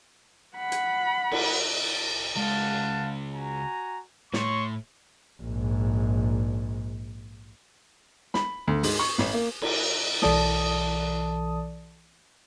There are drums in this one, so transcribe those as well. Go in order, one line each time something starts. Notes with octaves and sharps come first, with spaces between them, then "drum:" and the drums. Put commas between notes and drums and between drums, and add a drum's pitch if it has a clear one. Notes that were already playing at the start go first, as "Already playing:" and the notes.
F#5 B5
drum: hi-hat
drum: cymbal
C#2 G#3 F5 F#5 A5
F#4 G#5 A#5
A2 C#5 C6 C#6, drum: snare
A#1 G#2
B5, drum: snare
D2
G#2, drum: open hi-hat
C#6
A1, drum: snare
A#3
drum: cymbal
B1 E3 A4 D5 A5 D#6, drum: snare